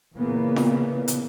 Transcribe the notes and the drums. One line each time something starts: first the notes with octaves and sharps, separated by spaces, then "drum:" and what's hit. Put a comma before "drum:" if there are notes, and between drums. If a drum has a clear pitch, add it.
A#2 C#3 E3 A#3 B3
drum: snare
drum: hi-hat